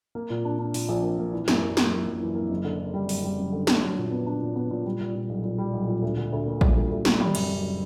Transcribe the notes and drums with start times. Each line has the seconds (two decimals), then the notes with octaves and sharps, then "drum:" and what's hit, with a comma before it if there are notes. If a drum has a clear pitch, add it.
0.15 A#3
0.30 A#2
0.45 D4
0.59 D4
0.74 A#2, drum: open hi-hat
0.89 A#1
1.03 A#3
1.18 A#3
1.32 E3
1.48 F#2, drum: snare
1.62 A#3
1.77 E3, drum: snare
1.92 A#3
2.07 F#2
2.21 E3
2.35 A#3
2.51 F#1
2.65 D3
2.79 D3
2.94 G3
3.09 F#2, drum: open hi-hat
3.24 G3
3.38 F#1
3.52 D3
3.67 D4, drum: snare
3.83 F#3
3.98 A#2
4.11 B3
4.27 D4
4.41 A#2
4.56 B3
4.71 A#2
4.85 G3
5.00 A#2
5.15 A#2
5.29 B1
5.44 A#2
5.58 G3
5.73 B1
5.87 A#2
6.02 D2
6.17 D3
6.32 D2
6.46 A#3
6.61 G3, drum: kick A#1
6.76 D2
6.91 D2
7.05 G3, drum: snare
7.20 G3, drum: tom
7.35 F#2, drum: cymbal
7.49 F#1